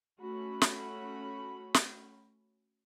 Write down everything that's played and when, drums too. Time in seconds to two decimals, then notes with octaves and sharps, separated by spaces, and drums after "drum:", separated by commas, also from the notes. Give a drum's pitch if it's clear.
0.20 A3 C#4 F#4 B5
0.62 drum: snare
1.74 drum: snare